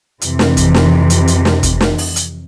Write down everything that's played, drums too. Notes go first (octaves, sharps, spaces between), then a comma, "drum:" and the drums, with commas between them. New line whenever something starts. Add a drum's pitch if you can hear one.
F2 C3 E3, drum: hi-hat
drum: snare
drum: kick, hi-hat
drum: snare
drum: hi-hat
drum: hi-hat
drum: snare
drum: kick, hi-hat
drum: snare
drum: open hi-hat
drum: hi-hat